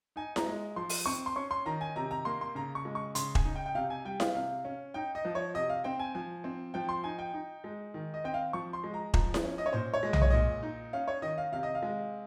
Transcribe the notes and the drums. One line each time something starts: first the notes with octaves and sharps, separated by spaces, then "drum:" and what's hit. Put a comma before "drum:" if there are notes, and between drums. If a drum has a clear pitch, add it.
D#4 G#5
A#5, drum: snare E4
G#3
F3 C6
drum: open hi-hat
C4 C#6
C6
C#4 C#6
C6
D#3 A#5
G#5
C3 A#5
A#5
A#3 C6
C6
C#3 A#5
C#6
G#3
C#6
C#3 C6, drum: hi-hat
G#5, drum: kick E1
D#4
G5
G5
C3 F5
G#5
G3 G5
F5, drum: snare E4
C3 F5
C#4
D#4 G5
D#5
F3
C#5
C3 D#5
F5
C4 G5
G#5
F3 G#5
C4
F3 G5
C6
D#4 G#5
G5
D#4
G#3
D#3
D#5
C4 G5
F5
F3 C#6
C6
G#3
A#5
F3 A#5, drum: kick E1
drum: snare E4
C#4
D#5
C#5
A#2 C5
C#5
G#3
D#5, drum: tom B1
C#5
A#2 D#5
D#4
C#4 F5
C#5
D#3 D#5
F5
C3 F5
D#5
F5
G#3